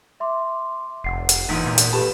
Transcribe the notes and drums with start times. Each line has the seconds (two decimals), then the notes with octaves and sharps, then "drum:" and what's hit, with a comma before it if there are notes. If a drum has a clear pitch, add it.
0.20 E5 C6 D6
1.04 F1 F#5 C7
1.29 drum: hi-hat
1.49 A#1 E2 G#2 B6 D#7
1.66 A#2
1.78 drum: hi-hat
1.93 G4 A4 B4 A5 B5